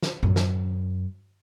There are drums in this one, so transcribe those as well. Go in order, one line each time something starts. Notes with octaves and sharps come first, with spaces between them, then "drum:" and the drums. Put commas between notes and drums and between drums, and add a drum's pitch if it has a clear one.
drum: snare
F#2, drum: tom A2
drum: snare